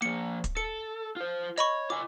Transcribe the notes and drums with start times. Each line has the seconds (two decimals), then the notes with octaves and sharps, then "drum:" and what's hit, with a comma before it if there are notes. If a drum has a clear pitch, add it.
0.02 F3 A#3 C#7
0.44 drum: kick, hi-hat
0.57 A4 C#7
1.16 F4 C5
1.58 C#5 D#5 B5 C#6, drum: hi-hat
1.90 F4 G#5 D6